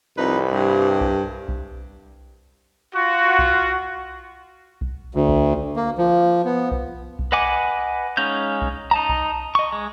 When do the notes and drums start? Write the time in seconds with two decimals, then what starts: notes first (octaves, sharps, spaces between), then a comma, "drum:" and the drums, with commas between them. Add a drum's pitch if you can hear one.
0.18 C2 F2 D#4 B4
0.52 G2
1.01 drum: kick B1
1.48 drum: kick B1
2.95 F4 F#4
3.39 drum: kick B1
4.81 drum: kick B1
5.15 D2
5.29 drum: kick B1
5.76 A#3
5.98 F3
6.45 B3
6.71 drum: kick B1
7.19 drum: kick B1
7.32 B4 D#5 F#5 G#5 D6
8.17 G#3 C#4 D#4 F5 G6
8.62 drum: kick B1
8.91 D#4 A5 A#5
9.09 drum: kick B1
9.55 D#5 C#6
9.72 G#3